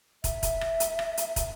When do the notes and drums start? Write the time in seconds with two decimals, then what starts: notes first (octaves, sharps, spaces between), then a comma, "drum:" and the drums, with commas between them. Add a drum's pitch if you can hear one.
0.24 E5, drum: kick, hi-hat
0.43 drum: kick, hi-hat
0.61 drum: rim click
0.80 drum: hi-hat
0.99 drum: rim click
1.17 drum: hi-hat
1.36 drum: kick, hi-hat